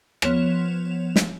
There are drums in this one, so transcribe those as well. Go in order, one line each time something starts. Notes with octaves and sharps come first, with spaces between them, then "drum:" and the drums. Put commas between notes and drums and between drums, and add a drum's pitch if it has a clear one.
F3 B3 C#5 E7 F7, drum: rim click
drum: snare